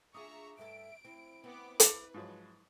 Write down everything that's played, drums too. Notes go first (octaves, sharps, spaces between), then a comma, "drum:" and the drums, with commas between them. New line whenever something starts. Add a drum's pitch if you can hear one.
D4 F4 G#4 E5 A#5 C#6 D#6
G2 A4 E5 D7
C4 E4
B3 C4 D6
B4, drum: hi-hat
G#2 F3 F#3